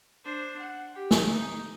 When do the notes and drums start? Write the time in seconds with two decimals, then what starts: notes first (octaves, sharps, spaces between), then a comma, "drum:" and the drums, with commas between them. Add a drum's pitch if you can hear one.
0.25 D4 C5
0.58 F#5
0.93 G4
1.11 drum: snare A3
1.30 D#4